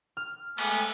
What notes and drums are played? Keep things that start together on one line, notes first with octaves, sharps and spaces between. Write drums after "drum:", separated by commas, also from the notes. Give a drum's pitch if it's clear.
F6
G#3 A3 B3 G#5, drum: cymbal